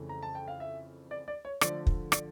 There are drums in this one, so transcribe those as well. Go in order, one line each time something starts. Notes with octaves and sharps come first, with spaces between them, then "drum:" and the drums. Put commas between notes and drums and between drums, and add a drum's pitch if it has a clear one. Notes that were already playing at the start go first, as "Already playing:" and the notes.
Already playing: F2 C#3 E3 A3 C#4
A#5
A5
G5
F5
E5
D5
D5
C#5
D3 F3 A3 D5, drum: rim click
drum: kick
D5, drum: rim click